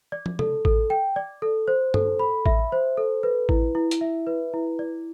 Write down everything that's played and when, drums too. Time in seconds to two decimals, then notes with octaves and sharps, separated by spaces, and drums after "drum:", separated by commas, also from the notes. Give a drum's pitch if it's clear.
0.12 D5
0.26 drum: tom
0.39 A4, drum: tom
0.65 A4, drum: kick A1
0.90 G5
1.16 D5
1.42 A4
1.68 C5
1.94 A4, drum: tom G2
2.19 B5
2.46 E5, drum: kick A1
2.72 C5
2.97 A4
3.23 B4
3.49 E4, drum: kick A1
3.75 E4
3.91 drum: hi-hat
4.01 E5
4.27 B4
4.54 E4
4.79 D5